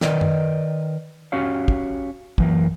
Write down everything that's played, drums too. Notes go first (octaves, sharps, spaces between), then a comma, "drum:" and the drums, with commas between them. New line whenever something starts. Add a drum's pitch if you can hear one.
D#3 A#4 B4 D5 D#5, drum: snare
drum: tom F#2
C#4 F#4 G4 C#5 F5
drum: kick
F#2 E3 A#3, drum: kick